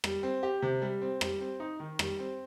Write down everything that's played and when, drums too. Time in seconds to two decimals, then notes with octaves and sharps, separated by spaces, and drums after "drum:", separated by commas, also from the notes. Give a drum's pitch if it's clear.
0.04 G3, drum: rim click
0.23 C4
0.43 G4
0.62 C3
0.82 G3
1.01 C4
1.21 G3, drum: rim click
1.41 C4
1.60 D#4
1.80 D#3
1.99 G3, drum: rim click
2.19 C4